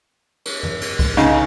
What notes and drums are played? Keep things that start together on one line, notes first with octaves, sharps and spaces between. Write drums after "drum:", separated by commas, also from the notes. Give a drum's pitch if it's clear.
drum: cymbal
drum: tom
drum: cymbal
drum: kick C2, cymbal
C#3 D#4, drum: snare